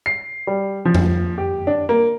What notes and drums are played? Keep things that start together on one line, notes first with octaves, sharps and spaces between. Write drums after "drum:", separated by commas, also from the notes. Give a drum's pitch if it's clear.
C7
G3
F3
drum: tom F2
G4
D4
A#3